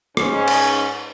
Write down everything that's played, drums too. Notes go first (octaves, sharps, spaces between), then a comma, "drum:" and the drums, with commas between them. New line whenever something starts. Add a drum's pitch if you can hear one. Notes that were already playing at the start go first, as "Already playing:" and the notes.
G#2 C#4, drum: rim click
drum: cymbal